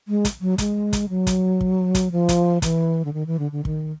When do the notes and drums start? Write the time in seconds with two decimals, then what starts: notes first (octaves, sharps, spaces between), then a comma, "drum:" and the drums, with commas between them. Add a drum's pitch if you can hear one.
0.08 G#3
0.25 drum: kick, hi-hat
0.41 F#3
0.58 G#3, drum: kick, hi-hat
0.93 drum: kick, hi-hat
1.09 F#3
1.27 drum: kick, hi-hat
1.61 drum: kick
1.95 drum: kick, hi-hat
2.12 F3
2.29 drum: kick, hi-hat
2.62 E3, drum: kick, hi-hat
3.05 D3
3.13 D#3
3.27 E3
3.39 D3
3.52 D3
3.65 D#3, drum: kick